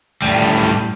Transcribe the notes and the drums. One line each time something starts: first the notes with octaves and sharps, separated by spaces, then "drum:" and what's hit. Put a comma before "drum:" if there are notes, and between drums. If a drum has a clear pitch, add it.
A2 G3, drum: hi-hat
drum: open hi-hat
drum: hi-hat